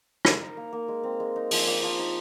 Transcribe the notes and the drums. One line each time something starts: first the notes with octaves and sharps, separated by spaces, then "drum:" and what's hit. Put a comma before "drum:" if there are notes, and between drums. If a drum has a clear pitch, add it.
D#4 A#4, drum: rim click
D#4
A#3
A#3
G#3
C4
G#3
D#4
F3 G#4, drum: open hi-hat
A#3
F3
D#4